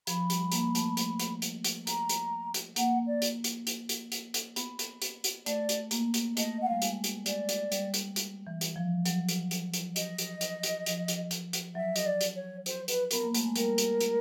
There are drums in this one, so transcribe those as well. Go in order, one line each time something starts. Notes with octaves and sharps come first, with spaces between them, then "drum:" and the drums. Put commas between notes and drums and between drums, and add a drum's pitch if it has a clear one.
F3 B5, drum: hi-hat
G3, drum: hi-hat
A#3, drum: hi-hat
A3, drum: hi-hat
A3, drum: hi-hat
drum: hi-hat
drum: hi-hat
drum: hi-hat
A#5, drum: hi-hat
drum: hi-hat
drum: hi-hat
A#3 F#5, drum: hi-hat
D5
drum: hi-hat
drum: hi-hat
drum: hi-hat
drum: hi-hat
drum: hi-hat
drum: hi-hat
B3, drum: hi-hat
drum: hi-hat
drum: hi-hat
drum: hi-hat
A3 D5, drum: hi-hat
drum: hi-hat
A#3, drum: hi-hat
drum: hi-hat
A3 D#5, drum: hi-hat
F#5
G3 F5
G#3, drum: hi-hat
drum: hi-hat
G#3 D5, drum: hi-hat
drum: hi-hat
G3, drum: hi-hat
drum: hi-hat
drum: hi-hat
E3
drum: hi-hat
F3
F#3, drum: hi-hat
drum: hi-hat
drum: hi-hat
drum: hi-hat
D#5, drum: hi-hat
drum: hi-hat
drum: hi-hat
drum: hi-hat
F3, drum: hi-hat
drum: hi-hat
drum: hi-hat
drum: hi-hat
F#3 E5
D#5, drum: hi-hat
D5
drum: hi-hat
C#5
C5, drum: hi-hat
B4, drum: hi-hat
B3 A#4, drum: hi-hat
A#3
A3, drum: hi-hat
G#3
G3 A#4, drum: hi-hat
drum: hi-hat
drum: hi-hat